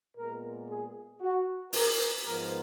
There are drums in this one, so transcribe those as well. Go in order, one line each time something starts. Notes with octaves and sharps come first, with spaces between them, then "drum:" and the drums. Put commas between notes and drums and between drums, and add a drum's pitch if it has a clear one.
A#2 G#3 B3 A#4
G#4
F#4
A#4, drum: open hi-hat
G#2 F3 B3 A#4